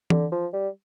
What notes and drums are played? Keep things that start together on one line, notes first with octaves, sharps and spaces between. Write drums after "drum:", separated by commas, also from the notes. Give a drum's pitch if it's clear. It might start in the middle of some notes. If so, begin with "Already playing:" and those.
D3, drum: tom E3
F3
G3